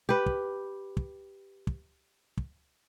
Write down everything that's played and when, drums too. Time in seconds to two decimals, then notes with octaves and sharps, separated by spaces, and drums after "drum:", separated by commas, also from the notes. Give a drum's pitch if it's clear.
0.09 G4 B4
0.26 drum: kick
0.97 drum: kick
1.67 drum: kick
2.37 drum: kick